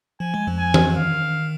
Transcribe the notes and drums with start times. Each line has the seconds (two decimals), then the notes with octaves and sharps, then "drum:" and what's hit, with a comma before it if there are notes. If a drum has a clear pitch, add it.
0.20 F3 G#5
0.34 G#3
0.47 F2 F3
0.58 G#5
0.74 drum: tom E3
0.90 F3
0.95 D#3 F5